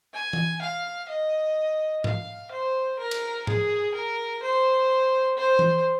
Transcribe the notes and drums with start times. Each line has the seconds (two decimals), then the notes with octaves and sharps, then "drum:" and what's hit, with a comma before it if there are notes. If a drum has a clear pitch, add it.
0.14 G#5
0.33 drum: tom E3
0.62 F5
1.09 D#5
2.04 F5, drum: tom G#2
2.52 C5
2.99 A#4
3.11 drum: cymbal
3.47 G#4, drum: tom G#2
3.94 A#4
4.42 C5
5.37 C5
5.59 drum: tom E3